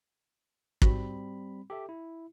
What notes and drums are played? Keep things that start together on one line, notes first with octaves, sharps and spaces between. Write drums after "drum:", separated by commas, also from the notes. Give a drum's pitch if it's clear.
G#2 G3 C4 F#4 B5, drum: kick
G4 A4 E5
E4